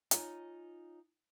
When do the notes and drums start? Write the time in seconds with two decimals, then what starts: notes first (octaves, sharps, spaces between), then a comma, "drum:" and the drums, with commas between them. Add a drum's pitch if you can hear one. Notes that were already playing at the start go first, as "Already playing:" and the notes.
0.11 D#4 F4 C#5 G#5, drum: hi-hat